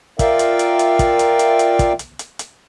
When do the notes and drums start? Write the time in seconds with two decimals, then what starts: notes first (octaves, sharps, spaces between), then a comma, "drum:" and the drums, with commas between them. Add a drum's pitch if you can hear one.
0.19 F4 A#4 D5 E5 F5 G5, drum: kick, hi-hat
0.39 drum: hi-hat
0.59 drum: hi-hat
0.79 drum: hi-hat
0.99 drum: kick, hi-hat
1.19 drum: hi-hat
1.39 drum: hi-hat
1.59 drum: hi-hat
1.79 drum: kick, hi-hat
1.99 drum: hi-hat
2.19 drum: hi-hat
2.39 drum: hi-hat